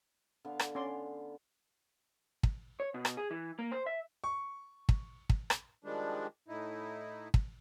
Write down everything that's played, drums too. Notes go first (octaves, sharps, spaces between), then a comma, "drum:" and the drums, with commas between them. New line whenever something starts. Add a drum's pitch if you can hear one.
D3 B3 F5
drum: rim click
C#4 D5 C6
drum: kick
C#5
B2
drum: rim click
G#4
E3
A#3
C5
E5
C#6
drum: kick
drum: kick
drum: rim click
D#3 F3 G3 G#3 D4
A2 D#4 E4
drum: kick